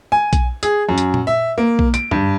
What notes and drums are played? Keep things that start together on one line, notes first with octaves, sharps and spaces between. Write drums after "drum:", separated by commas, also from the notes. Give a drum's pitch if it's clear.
G#5
drum: kick B1, hi-hat
G#4, drum: hi-hat
F#2
drum: hi-hat
drum: tom A#2
E5
A#3
drum: kick B1
D7, drum: hi-hat
G2, drum: tom F#2